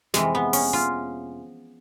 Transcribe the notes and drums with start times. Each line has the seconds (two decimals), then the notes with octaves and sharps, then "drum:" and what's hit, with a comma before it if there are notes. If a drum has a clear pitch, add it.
0.14 F2 C3 E3 G#3, drum: snare
0.35 B3
0.53 C#4, drum: open hi-hat
0.73 F4